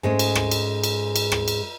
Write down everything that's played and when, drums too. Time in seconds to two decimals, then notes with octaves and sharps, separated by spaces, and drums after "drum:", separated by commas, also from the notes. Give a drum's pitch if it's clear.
0.03 G#2 G#3 A3 C#4
0.19 drum: cymbal
0.35 drum: rim click
0.51 drum: cymbal
0.84 drum: cymbal
1.16 drum: cymbal
1.32 drum: rim click
1.48 drum: cymbal